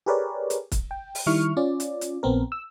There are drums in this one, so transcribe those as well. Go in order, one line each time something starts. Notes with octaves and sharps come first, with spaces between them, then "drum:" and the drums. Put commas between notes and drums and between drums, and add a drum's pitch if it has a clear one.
G4 G#4 A#4 B4 C#5 D5
drum: hi-hat
drum: kick, hi-hat
G5
drum: open hi-hat
D#3 G3 E4 C#6 F6
C#4 F4 D5
drum: hi-hat
drum: hi-hat
A#1 B3 C4 A#4
E6